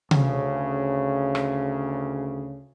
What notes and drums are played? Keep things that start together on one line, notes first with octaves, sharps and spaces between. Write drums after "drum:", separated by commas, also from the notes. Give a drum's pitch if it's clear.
D2 C#3, drum: tom C3
drum: rim click